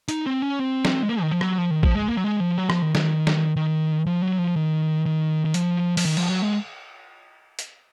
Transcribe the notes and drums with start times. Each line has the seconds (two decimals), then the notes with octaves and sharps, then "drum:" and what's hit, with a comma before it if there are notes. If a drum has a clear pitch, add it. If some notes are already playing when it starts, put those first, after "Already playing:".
0.08 D#4, drum: hi-hat
0.26 C4
0.42 C#4
0.59 C4
0.85 drum: snare
1.03 G#3
1.09 A#3
1.22 D#3
1.31 F3
1.41 F#3, drum: rim click
1.58 F3
1.70 D#3
1.83 F3, drum: kick
1.95 G#3
2.08 A#3
2.17 F#3
2.24 G#3
2.40 F3
2.58 F#3
2.70 F3, drum: rim click
2.82 D#3
2.95 D#3, drum: snare
3.27 drum: snare
3.56 D#3
4.06 F3
4.22 F#3
4.38 F3
4.56 D#3
5.06 D#3
5.45 D#3
5.54 F3, drum: hi-hat
5.97 F3, drum: open hi-hat
6.05 D#3
6.17 F3, drum: cymbal
6.29 F#3
6.42 G#3
7.59 drum: hi-hat